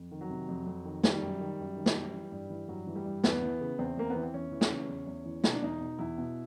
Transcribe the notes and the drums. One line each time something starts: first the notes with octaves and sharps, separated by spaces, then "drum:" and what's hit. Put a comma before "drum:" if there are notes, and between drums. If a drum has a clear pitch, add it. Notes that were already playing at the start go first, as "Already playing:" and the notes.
Already playing: F2
D#3
F#3
C3
F2
F2
D#3
D#3 G3, drum: snare
F#2
D#3
F#2
D#3
drum: snare
F#2
E3
G2
E3
G2 F#3
E3
G3
G2
E2 B3, drum: snare
E3
C#3
E2 C4
E2 A#3
B3
E3
C4
E2 C#4
E3
drum: snare
C#3
E2
E2
E3
B2 D#4, drum: snare
D4
E2 D#4
B2
E2 E4
B2